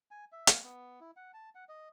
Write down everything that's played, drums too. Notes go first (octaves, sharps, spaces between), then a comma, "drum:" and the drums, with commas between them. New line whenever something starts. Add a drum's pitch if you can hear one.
G#5
E5
F5, drum: hi-hat
B3
E4
F#5
A5
F#5
D#5